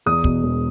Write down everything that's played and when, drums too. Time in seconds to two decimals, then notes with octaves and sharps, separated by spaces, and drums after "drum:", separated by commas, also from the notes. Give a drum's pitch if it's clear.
0.06 E2 D#6
0.24 B2, drum: kick
0.43 E1